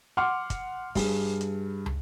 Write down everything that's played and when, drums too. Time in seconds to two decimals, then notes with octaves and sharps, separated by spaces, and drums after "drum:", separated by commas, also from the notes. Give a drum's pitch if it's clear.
0.17 F#5 C6 D6 F6
0.50 drum: kick, hi-hat
0.95 G2 G#4, drum: kick, open hi-hat
1.41 drum: hi-hat
1.86 drum: tom